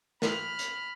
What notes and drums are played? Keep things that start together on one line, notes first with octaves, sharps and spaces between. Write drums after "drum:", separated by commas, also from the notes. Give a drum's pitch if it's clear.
B5 F6, drum: snare
drum: hi-hat